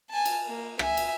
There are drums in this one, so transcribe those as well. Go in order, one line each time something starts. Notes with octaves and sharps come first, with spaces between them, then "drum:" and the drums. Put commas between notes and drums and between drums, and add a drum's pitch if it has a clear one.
G#5 A5
drum: cymbal
A#3
E5 G#5, drum: rim click
drum: cymbal